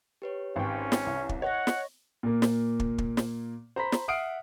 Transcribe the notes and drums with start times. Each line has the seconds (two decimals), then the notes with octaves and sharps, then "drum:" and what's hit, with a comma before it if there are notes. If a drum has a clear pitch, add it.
0.22 G4 B4 C#5
0.56 G#1 C#4 G5
0.92 drum: snare
1.06 C2
1.29 drum: kick
1.42 C#5 D#5 F#5 C#6 A#6
1.67 drum: snare
2.23 A#2 A#3
2.42 drum: snare
2.80 drum: kick
2.98 drum: kick
3.17 drum: snare
3.76 C5 A#5 B5 B6
3.92 drum: snare
4.08 E5 F#5 D#6 F6 C7 D7